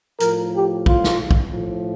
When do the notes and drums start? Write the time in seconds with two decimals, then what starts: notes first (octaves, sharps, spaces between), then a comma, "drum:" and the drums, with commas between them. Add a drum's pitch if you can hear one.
0.20 A2 F3 A#4, drum: hi-hat
0.53 G4
0.86 F4, drum: kick A#1
1.04 drum: snare
1.31 drum: kick A#1
1.51 A2 F3